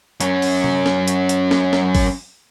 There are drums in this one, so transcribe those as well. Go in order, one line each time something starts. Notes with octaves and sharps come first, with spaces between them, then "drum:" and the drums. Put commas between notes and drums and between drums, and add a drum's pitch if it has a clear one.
F#2 C#4, drum: hi-hat
drum: open hi-hat
drum: tom C3
drum: snare
drum: hi-hat
drum: hi-hat
drum: snare
drum: snare
drum: kick, open hi-hat